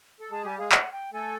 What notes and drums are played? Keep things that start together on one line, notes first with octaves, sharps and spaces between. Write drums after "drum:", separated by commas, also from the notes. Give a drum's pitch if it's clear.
A4
G#3 G#4 A5
G3 G4 G#5
G#3 G#4 F5
F#5, drum: clap
G5
A3 A4 G#5